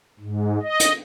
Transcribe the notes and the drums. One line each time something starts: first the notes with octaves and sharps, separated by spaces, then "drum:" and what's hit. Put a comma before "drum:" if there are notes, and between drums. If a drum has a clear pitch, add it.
G#2
D#5
drum: hi-hat